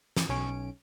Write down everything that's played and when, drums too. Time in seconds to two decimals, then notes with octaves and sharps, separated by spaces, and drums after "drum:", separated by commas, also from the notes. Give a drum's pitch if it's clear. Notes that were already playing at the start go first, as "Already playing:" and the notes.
0.17 E3, drum: snare
0.29 B1 C#4 D7